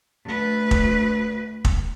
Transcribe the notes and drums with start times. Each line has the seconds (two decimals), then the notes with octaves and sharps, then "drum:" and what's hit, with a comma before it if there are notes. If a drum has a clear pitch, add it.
0.24 D2 B4
0.71 drum: kick
1.65 drum: kick